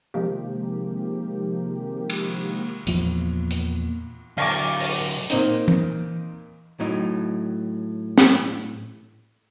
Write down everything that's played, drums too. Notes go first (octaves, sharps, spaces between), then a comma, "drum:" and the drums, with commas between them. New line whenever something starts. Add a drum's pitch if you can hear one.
C3 D#3 F3 G#3 A#3 G4
drum: cymbal
E2 A#2 F3, drum: hi-hat
drum: hi-hat
D3 F#3 F5 C#6 D6, drum: cymbal
drum: open hi-hat
A#2 C4 D#4, drum: hi-hat
drum: tom E3
A2 F#3 D#4
drum: snare